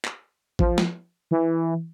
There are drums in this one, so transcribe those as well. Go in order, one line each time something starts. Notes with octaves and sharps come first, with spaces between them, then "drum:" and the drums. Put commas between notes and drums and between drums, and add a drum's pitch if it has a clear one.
drum: clap
F3, drum: kick A1
drum: snare
E3